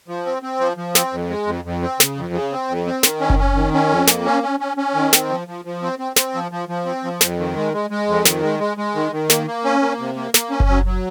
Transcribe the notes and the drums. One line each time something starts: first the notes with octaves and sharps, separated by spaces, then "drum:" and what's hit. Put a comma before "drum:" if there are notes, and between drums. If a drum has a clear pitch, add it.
F3
C4
C4
F3
F3
C4, drum: snare
F2
G#3
F2
F2
C4
C#3, drum: snare
F2
C#3
C4
F2
C4
D#3, drum: snare
C#4
drum: kick F#1
C#4
D#3
C#4
F2
A#3, drum: snare
C#4
C#4
C#4
C#4
D#3
C4, drum: snare
F3
F3
F3
C4
C4
C4, drum: snare
F3
F3
F3
C4
F3
F2, drum: snare
D#3
G#3
G#3
G#3
F2
D#3, drum: snare
G#3
G#3
G#3
D#3
D#3
A#3, drum: snare
A#3
C#4
A#3
C3
A#3
A#3, drum: snare
C#4
drum: kick F#1
F#3
F#3